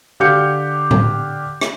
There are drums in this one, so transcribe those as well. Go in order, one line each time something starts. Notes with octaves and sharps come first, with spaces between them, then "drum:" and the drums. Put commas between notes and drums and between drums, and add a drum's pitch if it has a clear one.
D3 G4 F5 G6 C#7
drum: tom A2
drum: rim click